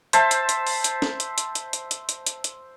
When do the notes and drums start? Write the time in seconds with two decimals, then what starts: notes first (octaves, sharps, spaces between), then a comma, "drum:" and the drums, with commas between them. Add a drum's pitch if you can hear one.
0.13 C5 E5 A5, drum: hi-hat
0.31 drum: hi-hat
0.49 drum: hi-hat
0.67 drum: open hi-hat
0.84 drum: hi-hat
1.02 drum: snare
1.20 drum: hi-hat
1.38 drum: hi-hat
1.55 drum: hi-hat
1.73 drum: hi-hat
1.91 drum: hi-hat
2.09 drum: hi-hat
2.26 drum: hi-hat
2.44 drum: hi-hat